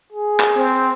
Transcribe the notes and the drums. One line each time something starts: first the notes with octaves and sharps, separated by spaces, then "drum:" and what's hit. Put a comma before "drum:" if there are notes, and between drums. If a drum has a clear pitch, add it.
G#4
drum: clap
C4